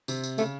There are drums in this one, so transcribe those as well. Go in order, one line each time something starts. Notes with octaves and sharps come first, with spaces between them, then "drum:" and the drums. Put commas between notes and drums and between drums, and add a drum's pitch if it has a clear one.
C3, drum: tambourine
drum: tambourine
C#3 A3, drum: tambourine